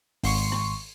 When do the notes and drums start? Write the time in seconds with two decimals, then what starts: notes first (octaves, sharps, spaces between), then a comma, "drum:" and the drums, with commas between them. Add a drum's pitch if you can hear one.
0.23 G#1 C6 C#6, drum: open hi-hat
0.52 drum: rim click